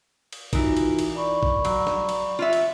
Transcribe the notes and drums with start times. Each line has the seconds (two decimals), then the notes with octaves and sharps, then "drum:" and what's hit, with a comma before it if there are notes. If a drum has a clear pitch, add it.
0.33 drum: cymbal
0.53 E3 D#4 F4 F#4 A#4, drum: kick A#1, cymbal
0.77 drum: cymbal
0.99 drum: cymbal
1.15 D5 B5 C#6
1.43 drum: kick A#1
1.65 F#3, drum: cymbal
1.87 drum: snare
2.09 drum: cymbal
2.39 F4 F#4 E5
2.53 drum: cymbal